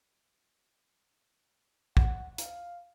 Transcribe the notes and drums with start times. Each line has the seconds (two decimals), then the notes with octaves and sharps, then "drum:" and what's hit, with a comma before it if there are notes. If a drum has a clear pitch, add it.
1.97 F#5, drum: kick
2.38 F5, drum: hi-hat